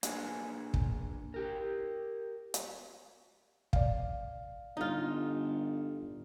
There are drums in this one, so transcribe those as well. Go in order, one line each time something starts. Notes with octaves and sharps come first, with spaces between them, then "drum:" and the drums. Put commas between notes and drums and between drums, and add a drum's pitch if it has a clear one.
A#3 D4 G#4 B4 G#5, drum: hi-hat
drum: kick
G4 A#4
drum: hi-hat
D5 F5, drum: kick
G1 D#4 F4